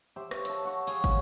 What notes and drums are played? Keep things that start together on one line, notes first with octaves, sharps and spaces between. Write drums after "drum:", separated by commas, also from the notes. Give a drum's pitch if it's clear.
G4 C5 E5
C#5 F5, drum: rim click
E5 A5, drum: hi-hat
F#5 C#6
G#4 C#5 F5 F#5, drum: open hi-hat
F#5, drum: kick, hi-hat